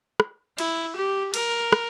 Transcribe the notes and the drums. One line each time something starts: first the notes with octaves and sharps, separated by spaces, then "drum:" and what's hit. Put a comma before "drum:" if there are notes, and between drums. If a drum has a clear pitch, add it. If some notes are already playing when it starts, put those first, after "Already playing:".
drum: rim click
E4, drum: cymbal
G4
A#4, drum: cymbal
drum: rim click